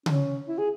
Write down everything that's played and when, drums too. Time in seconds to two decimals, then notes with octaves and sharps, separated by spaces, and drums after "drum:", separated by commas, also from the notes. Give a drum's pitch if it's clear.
0.06 C#4, drum: tom C#3
0.48 E4
0.58 G#4